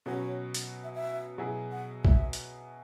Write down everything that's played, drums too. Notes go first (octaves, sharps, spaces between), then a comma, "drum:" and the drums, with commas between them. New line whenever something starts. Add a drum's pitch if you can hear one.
B2 F#3 C#4 F#4 B4 C#5
drum: hi-hat
E5
E5
B2 F#3 E4 G#4
F#5
E5, drum: kick C2
drum: hi-hat